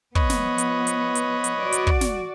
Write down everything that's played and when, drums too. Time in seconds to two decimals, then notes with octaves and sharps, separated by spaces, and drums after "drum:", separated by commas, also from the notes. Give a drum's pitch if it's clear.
0.15 F3 B3 B4 C#5 D#5, drum: kick
0.30 drum: snare
0.58 drum: hi-hat
0.87 drum: hi-hat
1.15 drum: hi-hat
1.44 drum: hi-hat
1.62 F#4 D5
1.72 drum: hi-hat
1.87 drum: kick
2.01 drum: snare